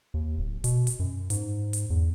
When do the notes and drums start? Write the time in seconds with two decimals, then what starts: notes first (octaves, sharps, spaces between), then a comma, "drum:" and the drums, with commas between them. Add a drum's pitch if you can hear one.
0.14 D#2
0.38 D1
0.64 B2, drum: hi-hat
0.87 drum: hi-hat
0.99 F#2
1.30 G#2, drum: hi-hat
1.73 drum: hi-hat
1.90 E2